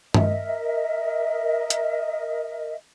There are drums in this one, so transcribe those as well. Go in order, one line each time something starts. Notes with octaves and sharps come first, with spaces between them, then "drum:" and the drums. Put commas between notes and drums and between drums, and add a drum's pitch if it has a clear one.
A#4 D#5 E5, drum: tom G2
drum: hi-hat